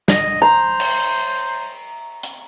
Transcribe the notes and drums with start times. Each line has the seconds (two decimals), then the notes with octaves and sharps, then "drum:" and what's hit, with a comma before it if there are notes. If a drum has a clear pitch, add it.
0.08 D#5, drum: snare
0.42 C5 A#5
0.80 drum: cymbal
2.23 drum: hi-hat